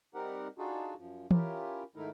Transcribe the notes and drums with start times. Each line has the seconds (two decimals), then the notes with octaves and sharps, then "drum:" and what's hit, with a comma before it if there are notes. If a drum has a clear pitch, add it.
0.14 G3 C4 D#4 G4 A#4 F#5
0.58 D4 D#4 F4 F#4 G#4 A4
0.98 F#2 F3
1.31 C#4 E4 F4 G4 A#4, drum: tom E3
1.96 G#2 D#3 A3 D#4 E4 A#4